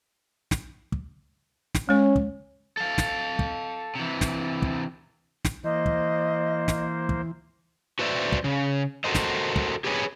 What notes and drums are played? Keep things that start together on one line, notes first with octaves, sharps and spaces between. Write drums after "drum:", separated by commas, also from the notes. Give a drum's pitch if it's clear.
drum: snare
drum: kick
drum: snare
G#3 C#4 C#5
drum: kick
A4 F5
drum: snare
drum: kick
C3 E3
drum: snare
drum: kick
drum: snare
E3 A#3 C5 D#5
drum: kick
drum: snare
drum: kick
F#4 B4 C5 D5 E5
drum: kick
C#3
F#4 A4 A#4 C5 D#5
drum: snare
drum: kick
G4 G#4 B4 C#5